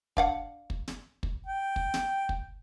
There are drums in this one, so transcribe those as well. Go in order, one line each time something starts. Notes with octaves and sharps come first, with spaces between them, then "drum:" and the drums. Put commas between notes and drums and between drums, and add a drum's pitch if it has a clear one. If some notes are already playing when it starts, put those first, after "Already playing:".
D4 F5 F#5, drum: kick
drum: kick
drum: snare
drum: kick
G5
drum: kick
drum: snare
drum: kick